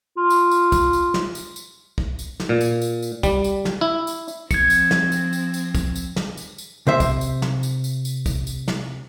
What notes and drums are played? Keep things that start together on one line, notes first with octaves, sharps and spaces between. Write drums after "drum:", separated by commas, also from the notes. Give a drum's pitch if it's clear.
F4
drum: tambourine
drum: tambourine
drum: kick, tambourine
drum: tambourine
drum: snare
drum: tambourine
drum: tambourine
drum: kick
drum: tambourine
drum: snare
A#2
drum: tambourine
drum: tambourine
drum: tambourine
G3, drum: kick, tambourine
drum: tambourine
drum: snare
E4
drum: tambourine
drum: tambourine
F3 C4 G#6 C#7, drum: kick, tambourine
drum: tambourine
drum: snare
drum: tambourine
drum: tambourine
drum: tambourine
drum: kick, tambourine
drum: tambourine
drum: snare
drum: tambourine
drum: tambourine
C3 C5 E5
drum: kick, tambourine
drum: tambourine
drum: snare
drum: tambourine
drum: tambourine
drum: tambourine
drum: kick, tambourine
drum: tambourine
drum: snare